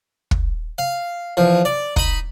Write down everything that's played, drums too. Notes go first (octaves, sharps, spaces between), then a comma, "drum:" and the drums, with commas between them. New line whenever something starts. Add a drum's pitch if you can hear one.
drum: kick
F5
E2 F3
D5
D#4 B5, drum: kick